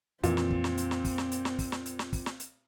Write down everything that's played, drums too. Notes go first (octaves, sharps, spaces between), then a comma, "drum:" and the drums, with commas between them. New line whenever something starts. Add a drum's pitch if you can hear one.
F2 A#2 E3 C4, drum: hi-hat
drum: snare
drum: kick
drum: snare
drum: hi-hat
drum: snare
drum: kick, open hi-hat
drum: snare
drum: hi-hat
drum: snare
drum: kick, open hi-hat
drum: snare
drum: hi-hat
drum: snare
drum: kick, open hi-hat
drum: snare
drum: hi-hat